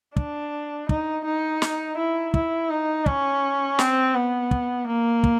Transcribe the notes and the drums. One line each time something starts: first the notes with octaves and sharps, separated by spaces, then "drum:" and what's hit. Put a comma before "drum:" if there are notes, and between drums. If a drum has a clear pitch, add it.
D4, drum: kick
D#4, drum: kick
D#4
drum: snare
E4
E4, drum: kick
D#4
C#4, drum: kick
C4, drum: snare
B3
drum: kick
A#3
drum: kick